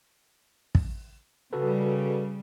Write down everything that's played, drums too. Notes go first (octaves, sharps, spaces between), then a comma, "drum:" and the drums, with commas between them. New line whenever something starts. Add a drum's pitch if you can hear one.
drum: kick
C#3 G3 F#4 A4 B4